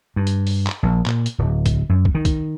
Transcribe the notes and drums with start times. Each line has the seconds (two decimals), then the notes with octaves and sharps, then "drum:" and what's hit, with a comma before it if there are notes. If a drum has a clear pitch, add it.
0.16 G2
0.27 drum: hi-hat
0.47 drum: open hi-hat
0.66 drum: clap
0.83 A#1
1.06 A#2, drum: clap
1.26 drum: hi-hat
1.38 D1
1.66 drum: kick, hi-hat
1.89 F#2
2.05 drum: kick
2.15 D#3
2.25 drum: kick, hi-hat